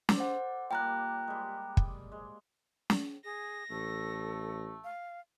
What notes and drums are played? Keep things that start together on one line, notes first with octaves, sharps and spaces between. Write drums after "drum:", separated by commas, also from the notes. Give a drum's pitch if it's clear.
A4 C5 D5, drum: snare
F#5
A#2 G3 A#3 G5 A#5 F#6
G3 G#3
drum: kick
G#3
drum: snare
G#4 A#6
A1 A3 A4
F5